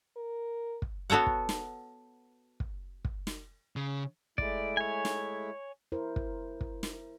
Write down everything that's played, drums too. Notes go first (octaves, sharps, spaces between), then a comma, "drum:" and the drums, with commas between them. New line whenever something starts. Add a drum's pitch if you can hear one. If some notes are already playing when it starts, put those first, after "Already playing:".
A#4
drum: kick
B3 F#4 A4 C#5 F#5
drum: kick
drum: snare
drum: kick
drum: kick
drum: snare
C#3
G#3 A3 E4 D5, drum: kick
C#5 G#5
drum: snare
E4 A#4 C5
drum: kick
drum: kick
drum: snare